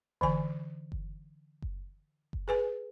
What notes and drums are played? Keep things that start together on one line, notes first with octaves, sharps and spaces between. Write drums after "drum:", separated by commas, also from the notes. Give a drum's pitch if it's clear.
D3 E3 G#5, drum: kick F#1
drum: kick F#1
drum: kick F#1
drum: kick F#1
G#4 B4 G#5